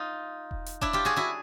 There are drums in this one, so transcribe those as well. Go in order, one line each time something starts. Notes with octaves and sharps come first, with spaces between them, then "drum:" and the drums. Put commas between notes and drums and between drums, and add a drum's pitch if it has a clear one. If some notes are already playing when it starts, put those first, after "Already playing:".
Already playing: D#4 F4
drum: kick E1
drum: hi-hat
D4 E4, drum: kick E1
F4 G4
F#4 G#4
E4 F#4